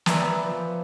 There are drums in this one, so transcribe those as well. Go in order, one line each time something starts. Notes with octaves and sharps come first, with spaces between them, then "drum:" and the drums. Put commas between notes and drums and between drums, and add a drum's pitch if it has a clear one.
B4 D5 E5 G#5 A#5, drum: snare
B3
F3